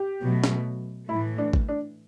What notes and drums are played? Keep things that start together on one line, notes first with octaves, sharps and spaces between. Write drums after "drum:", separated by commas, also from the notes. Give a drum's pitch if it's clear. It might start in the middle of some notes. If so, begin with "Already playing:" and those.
Already playing: G4
B2 F#3 A3
drum: snare
A2 E3 A3 E4
D4
drum: kick G#1
D4